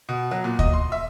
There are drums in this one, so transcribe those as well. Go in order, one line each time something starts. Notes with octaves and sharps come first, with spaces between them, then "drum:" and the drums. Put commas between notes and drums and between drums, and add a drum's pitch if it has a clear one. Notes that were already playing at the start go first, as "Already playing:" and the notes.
B2
F#3
A#2
D#5, drum: kick
C6
E5